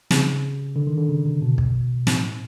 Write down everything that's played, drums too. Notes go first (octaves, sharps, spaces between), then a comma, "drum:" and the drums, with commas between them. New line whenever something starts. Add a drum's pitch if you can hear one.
C#3, drum: snare
D3
D#3
D3
C#3
C3
B2
drum: kick
A2, drum: snare